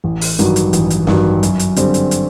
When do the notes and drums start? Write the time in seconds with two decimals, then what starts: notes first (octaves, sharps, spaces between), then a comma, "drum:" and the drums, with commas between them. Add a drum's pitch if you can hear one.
0.04 A1
0.21 drum: open hi-hat
0.39 G2 D#3 F#3, drum: hi-hat
0.56 drum: hi-hat
0.73 A1, drum: hi-hat
0.90 drum: hi-hat
1.07 G2 D#3 F#3, drum: snare
1.43 F#2, drum: hi-hat
1.59 drum: hi-hat
1.76 D3 G3 C4, drum: hi-hat
1.94 drum: hi-hat
2.11 drum: hi-hat